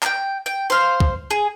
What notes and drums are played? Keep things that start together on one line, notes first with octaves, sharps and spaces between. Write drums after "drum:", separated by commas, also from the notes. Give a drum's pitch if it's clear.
G5 A#5, drum: clap
G5
C5 F5
drum: kick
G#4